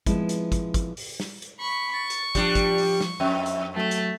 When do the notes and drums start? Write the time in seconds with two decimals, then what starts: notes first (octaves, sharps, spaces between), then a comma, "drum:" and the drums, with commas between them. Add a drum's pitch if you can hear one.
0.06 F3 G#3 B3 C4 E4, drum: kick, hi-hat
0.29 drum: hi-hat
0.52 drum: kick, hi-hat
0.74 drum: kick, hi-hat
0.97 drum: open hi-hat
1.20 drum: snare
1.42 drum: hi-hat
1.59 B5 C#6
1.93 C#6 A6
2.10 drum: hi-hat
2.35 F3 G3 D4, drum: kick, hi-hat
2.55 drum: kick, hi-hat
2.78 drum: open hi-hat
3.01 drum: snare
3.20 F2 E5
3.46 drum: hi-hat
3.76 F#3 A3 A4
3.91 drum: hi-hat